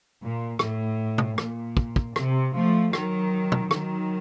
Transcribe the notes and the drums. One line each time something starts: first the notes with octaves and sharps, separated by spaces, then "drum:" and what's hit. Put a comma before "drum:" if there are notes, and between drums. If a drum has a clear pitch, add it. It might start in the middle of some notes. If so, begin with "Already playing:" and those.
A#2
A2, drum: rim click
drum: tom
A#2, drum: rim click
drum: kick
drum: kick
C3, drum: rim click
F3 A3
D#3 F#3, drum: rim click
drum: tom
D#3 F#3, drum: rim click